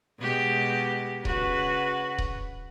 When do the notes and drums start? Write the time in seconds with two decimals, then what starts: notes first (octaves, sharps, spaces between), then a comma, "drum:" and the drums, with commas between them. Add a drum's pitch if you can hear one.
0.19 B2 G#3 G4
1.25 C#3 F#4 B4, drum: kick D#1
2.18 drum: kick D#1